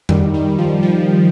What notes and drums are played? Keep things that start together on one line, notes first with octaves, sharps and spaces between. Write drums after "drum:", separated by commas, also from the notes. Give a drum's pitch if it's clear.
D#3 G3, drum: tom F2
D#3 G3
D#3
F3
F3